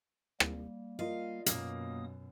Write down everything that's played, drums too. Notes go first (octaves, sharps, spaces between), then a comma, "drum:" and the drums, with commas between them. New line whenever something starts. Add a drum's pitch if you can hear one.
G3 A#3, drum: rim click
F4 A#4 D#5 F5
F#2 B2 A#3 D#6, drum: hi-hat